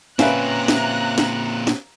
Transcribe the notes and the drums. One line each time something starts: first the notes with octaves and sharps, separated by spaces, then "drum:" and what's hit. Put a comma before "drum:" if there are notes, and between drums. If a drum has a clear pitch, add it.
A#2 C4 C#4 B4 E5 F5 A#5 F#6, drum: snare
drum: snare
drum: snare
drum: snare